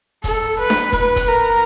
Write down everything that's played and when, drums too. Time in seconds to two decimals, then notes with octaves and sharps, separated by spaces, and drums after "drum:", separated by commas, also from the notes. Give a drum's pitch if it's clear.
0.24 A4, drum: kick F1, hi-hat
0.59 B4
0.70 drum: snare D4
0.93 B4, drum: kick F1
1.16 drum: kick F1, hi-hat
1.28 A#4